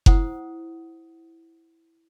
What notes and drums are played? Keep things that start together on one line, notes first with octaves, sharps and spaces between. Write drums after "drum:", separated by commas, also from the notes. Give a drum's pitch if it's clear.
E4 C5 F#5 D#6, drum: kick F#1